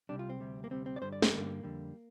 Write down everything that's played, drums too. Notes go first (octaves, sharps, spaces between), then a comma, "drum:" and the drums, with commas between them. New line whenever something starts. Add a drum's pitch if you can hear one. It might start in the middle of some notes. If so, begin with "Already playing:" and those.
C2 C3 G3 D4
F4
C4
D2 C3 G3
A#3
D2 C3 G3 C4
C4
D5
G2 D3 G3 C5
D5
C4, drum: snare
G2 D3 G3 A#3
F2 D3 G3